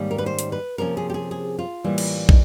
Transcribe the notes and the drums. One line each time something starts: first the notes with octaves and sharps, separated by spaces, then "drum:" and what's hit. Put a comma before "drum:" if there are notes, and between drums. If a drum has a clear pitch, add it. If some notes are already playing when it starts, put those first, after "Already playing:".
Already playing: G#2 D#3 G3 A#3 C#4
A#4
B4
C5
drum: hi-hat
B4
C3 F3 A#3 C#4 A#4
G#4
G4
G#4
G#4
F4
A2 E3 G3 A#3
drum: cymbal
D#4, drum: kick